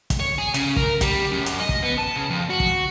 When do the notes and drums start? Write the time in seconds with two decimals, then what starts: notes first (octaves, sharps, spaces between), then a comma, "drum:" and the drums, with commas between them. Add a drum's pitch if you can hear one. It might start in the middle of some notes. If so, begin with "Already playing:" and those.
0.10 drum: kick, hi-hat
0.20 C#5
0.38 G#4
0.54 C#3, drum: hi-hat
0.76 A#4, drum: kick
1.01 G3, drum: kick, hi-hat
1.31 F#2
1.46 drum: hi-hat
1.59 D#5
1.69 drum: kick
1.82 B3
1.98 A5
2.16 C#3
2.30 F2
2.50 F#4
2.60 drum: kick